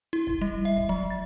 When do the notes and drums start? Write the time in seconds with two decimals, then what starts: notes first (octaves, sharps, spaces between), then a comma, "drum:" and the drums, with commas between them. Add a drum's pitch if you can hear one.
0.13 E4
0.27 drum: kick
0.41 G3
0.65 E5
0.77 drum: kick
0.89 F#3
1.10 A6